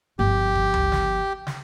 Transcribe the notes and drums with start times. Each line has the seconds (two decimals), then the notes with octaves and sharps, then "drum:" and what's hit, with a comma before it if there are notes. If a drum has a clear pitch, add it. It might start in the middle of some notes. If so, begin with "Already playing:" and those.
0.19 G1 F3 G4
0.55 drum: kick G#1
0.74 drum: tom C#2
0.92 drum: snare
1.47 drum: snare